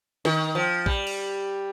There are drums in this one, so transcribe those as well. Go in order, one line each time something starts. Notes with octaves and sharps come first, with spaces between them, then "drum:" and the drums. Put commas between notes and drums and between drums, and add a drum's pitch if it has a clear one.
D#3, drum: snare
F3
G3, drum: kick A#1
drum: cymbal